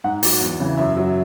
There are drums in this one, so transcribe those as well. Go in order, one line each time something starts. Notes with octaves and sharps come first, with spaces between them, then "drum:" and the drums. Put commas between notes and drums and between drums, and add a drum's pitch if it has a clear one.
G#2 F#5
F#3, drum: open hi-hat
E2
C#3 E3
F#2 E5
F#3